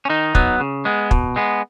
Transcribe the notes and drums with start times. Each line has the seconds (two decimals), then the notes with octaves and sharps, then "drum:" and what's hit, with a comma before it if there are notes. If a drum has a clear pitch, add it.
0.05 C#4
0.10 D#3 D#4
0.35 F#3 B3, drum: kick
0.60 C#3
0.85 G#3 B3
1.11 B2, drum: kick
1.36 G#3 B3